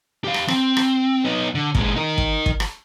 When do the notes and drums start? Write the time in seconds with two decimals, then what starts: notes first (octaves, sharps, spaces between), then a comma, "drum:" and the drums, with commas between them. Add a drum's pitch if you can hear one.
0.24 G4 F5
0.34 drum: rim click
0.48 C4, drum: rim click
0.77 drum: rim click
1.25 B3 D#4
1.55 D3
1.75 A#2 G#3, drum: kick
1.96 D#4 A#4
2.18 drum: kick
2.46 drum: kick
2.60 drum: rim click